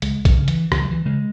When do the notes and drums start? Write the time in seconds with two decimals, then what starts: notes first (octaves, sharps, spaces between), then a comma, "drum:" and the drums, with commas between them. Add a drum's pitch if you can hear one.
0.02 C#2 G#3, drum: hi-hat
0.25 drum: kick A#1, hi-hat
0.37 C#3
0.48 E3, drum: hi-hat
0.72 C#2 E3, drum: rim click
0.82 F#3
0.91 E3
1.06 C#3 G#3